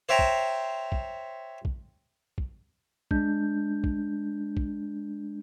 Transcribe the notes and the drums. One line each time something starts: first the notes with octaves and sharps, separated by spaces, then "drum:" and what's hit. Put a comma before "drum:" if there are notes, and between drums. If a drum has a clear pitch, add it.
C5 C#5 E5 G5 A#5
drum: kick
drum: kick
drum: kick
drum: kick
G#3 D4 G6, drum: kick
drum: kick
drum: kick